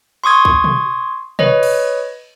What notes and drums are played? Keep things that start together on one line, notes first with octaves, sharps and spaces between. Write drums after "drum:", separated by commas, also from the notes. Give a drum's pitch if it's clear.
C6 C#6 D#6 G#6
drum: kick C2
drum: tom B2
B4 C#5 D#5, drum: tom B2
drum: cymbal